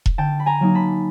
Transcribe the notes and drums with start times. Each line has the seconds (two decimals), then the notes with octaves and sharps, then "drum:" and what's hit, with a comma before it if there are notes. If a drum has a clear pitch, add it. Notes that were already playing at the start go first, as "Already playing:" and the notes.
0.06 drum: kick E1
0.18 D3 G5 A5
0.40 B5
0.46 G#5 A#5
0.60 F#3 A#3 D#4
0.75 A5 B5